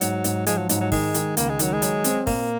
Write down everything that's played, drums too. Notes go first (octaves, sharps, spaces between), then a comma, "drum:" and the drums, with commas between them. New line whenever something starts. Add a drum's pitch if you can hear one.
G#2 F#3, drum: hi-hat
G#2, drum: hi-hat
F3 G#3, drum: hi-hat
F#3
G#2 F#3, drum: hi-hat
F#3
D#3 G#3, drum: kick, open hi-hat
D#3, drum: hi-hat
C#2 A#3, drum: hi-hat
G#3
D#3 F#3, drum: hi-hat
G#3
F#3, drum: hi-hat
C4, drum: hi-hat
A#2 A#3, drum: kick, open hi-hat